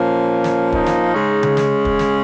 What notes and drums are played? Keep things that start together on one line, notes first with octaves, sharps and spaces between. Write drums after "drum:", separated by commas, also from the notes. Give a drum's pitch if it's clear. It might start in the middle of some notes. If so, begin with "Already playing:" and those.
Already playing: A#2 F3 A#3 C#4
drum: snare
D#4, drum: kick
drum: snare
C#3 G#3 C#4
drum: tom C#3
drum: snare
drum: kick
drum: snare